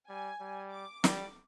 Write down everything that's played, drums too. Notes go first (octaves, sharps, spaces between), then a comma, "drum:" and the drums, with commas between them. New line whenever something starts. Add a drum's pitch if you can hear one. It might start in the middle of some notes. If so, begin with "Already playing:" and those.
G3 G#5
G3
D6
G3, drum: snare